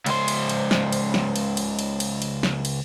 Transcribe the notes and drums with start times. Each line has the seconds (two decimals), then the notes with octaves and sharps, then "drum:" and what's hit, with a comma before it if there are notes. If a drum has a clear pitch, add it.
0.06 C#2 C5, drum: cymbal
0.28 drum: cymbal
0.49 drum: cymbal
0.71 drum: snare
0.93 drum: cymbal
1.14 drum: snare
1.36 drum: cymbal
1.57 drum: cymbal
1.79 drum: cymbal
2.00 drum: cymbal
2.22 drum: cymbal
2.43 drum: snare
2.65 drum: cymbal